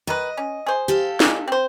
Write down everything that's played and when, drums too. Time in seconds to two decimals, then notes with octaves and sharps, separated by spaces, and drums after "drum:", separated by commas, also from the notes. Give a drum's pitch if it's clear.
0.07 D#3 B4 D#5
0.37 C#4
0.66 G#4 C5
0.88 G4 A4 F5
1.20 G#3 D4, drum: snare
1.48 C4 C5